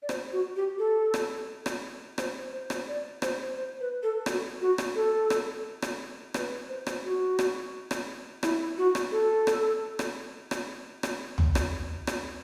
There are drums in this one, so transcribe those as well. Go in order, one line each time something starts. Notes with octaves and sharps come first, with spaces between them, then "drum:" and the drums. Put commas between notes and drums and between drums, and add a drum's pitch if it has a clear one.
D5
C5, drum: rim click
F#4
G4
A4
drum: rim click
drum: rim click
C5, drum: rim click
C5
drum: rim click
D5
C5, drum: rim click
C5
B4
A4
F#4, drum: rim click
F#4
drum: rim click
A4
drum: rim click
drum: rim click
B4, drum: rim click
C5
drum: rim click
F#4
drum: rim click
drum: rim click
E4, drum: rim click
F#4
drum: rim click
A4
drum: rim click
drum: rim click
drum: rim click
drum: rim click
drum: tom
drum: rim click
drum: rim click